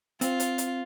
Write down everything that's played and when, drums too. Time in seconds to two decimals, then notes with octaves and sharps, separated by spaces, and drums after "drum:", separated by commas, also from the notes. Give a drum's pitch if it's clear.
0.21 C4 F4, drum: hi-hat
0.40 drum: hi-hat
0.58 drum: hi-hat